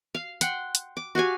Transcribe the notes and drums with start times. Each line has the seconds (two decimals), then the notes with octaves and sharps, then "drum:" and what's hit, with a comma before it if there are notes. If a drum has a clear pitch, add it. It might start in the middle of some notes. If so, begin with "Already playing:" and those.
0.15 F5
0.41 F#5 G5 C6, drum: hi-hat
0.75 drum: hi-hat
0.97 D6
1.15 F#4 G4 F5 G#5